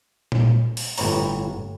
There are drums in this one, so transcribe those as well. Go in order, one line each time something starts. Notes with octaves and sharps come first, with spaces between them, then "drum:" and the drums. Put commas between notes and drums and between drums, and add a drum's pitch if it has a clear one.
drum: tom A#2
drum: open hi-hat
G1 A2 B4 C#5 A#5, drum: open hi-hat